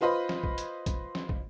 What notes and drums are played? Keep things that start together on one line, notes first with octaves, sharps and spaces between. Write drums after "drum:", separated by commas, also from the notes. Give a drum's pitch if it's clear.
F4 B4 C5 D#5 B5
drum: snare
drum: kick
drum: hi-hat
drum: kick, hi-hat
drum: snare
drum: kick